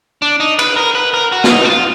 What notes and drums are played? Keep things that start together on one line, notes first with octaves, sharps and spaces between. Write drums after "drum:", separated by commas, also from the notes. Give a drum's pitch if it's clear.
D4
D#4
B4, drum: cymbal
A#4
B4
A#4
F#4
F4, drum: snare
D#4
F#4
F4